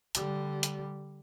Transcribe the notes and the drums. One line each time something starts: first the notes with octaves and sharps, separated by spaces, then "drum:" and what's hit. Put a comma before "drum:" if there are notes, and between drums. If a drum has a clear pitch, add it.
D3 G3, drum: hi-hat
drum: hi-hat